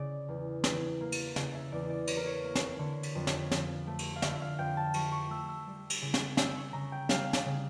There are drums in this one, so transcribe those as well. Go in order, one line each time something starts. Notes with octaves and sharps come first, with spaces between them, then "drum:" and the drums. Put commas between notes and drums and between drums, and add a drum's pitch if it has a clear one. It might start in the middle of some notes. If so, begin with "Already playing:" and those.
Already playing: C#3 D5
E2
E3, drum: snare
A#3
drum: cymbal
C#3, drum: snare
E5
E2 D5
D5
E3 C#5, drum: cymbal
A#4
C#5
A#3
drum: snare
D3 C#5
drum: cymbal
F2
drum: snare
F3, drum: snare
A3
drum: cymbal
F5
D3 E5, drum: snare
F5
F2 G5
A5
F3 C#6, drum: cymbal
C#6
A3 E6
E6
G3
drum: cymbal
C#3
drum: snare
C#4 E6, drum: snare
C#6
C#3 A#5
G5
G3 F5, drum: snare
drum: snare
C#3